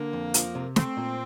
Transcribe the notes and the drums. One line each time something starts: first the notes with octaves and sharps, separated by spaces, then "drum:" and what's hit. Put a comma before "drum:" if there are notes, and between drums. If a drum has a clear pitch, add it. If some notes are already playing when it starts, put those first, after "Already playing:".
Already playing: D3 A#3
F2
F3, drum: hi-hat
C3
A3 C4, drum: snare
A#2